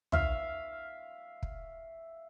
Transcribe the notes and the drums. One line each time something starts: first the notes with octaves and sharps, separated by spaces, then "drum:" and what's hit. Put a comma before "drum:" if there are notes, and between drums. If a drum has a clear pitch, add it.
E5 F5, drum: tom
drum: kick